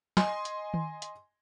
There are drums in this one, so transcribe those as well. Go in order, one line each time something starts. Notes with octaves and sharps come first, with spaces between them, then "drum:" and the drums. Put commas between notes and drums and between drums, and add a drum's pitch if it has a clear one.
D#5 G#5 C6, drum: snare
drum: hi-hat
drum: tom D#3
drum: hi-hat